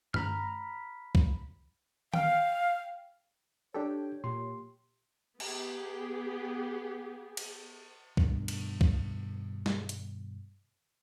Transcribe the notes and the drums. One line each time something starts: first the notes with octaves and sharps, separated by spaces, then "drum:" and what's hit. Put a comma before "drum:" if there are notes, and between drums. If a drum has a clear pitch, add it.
A#5 B5 F6, drum: tom G2
drum: kick C2
F5 G5 F6, drum: tom D#3
D4 G4 A4 C#5 G5
A#2 G4 C6
B3 G4 G#4, drum: cymbal
drum: cymbal
G2 B2 D#3, drum: kick C2
drum: cymbal
drum: kick C2
drum: snare
drum: hi-hat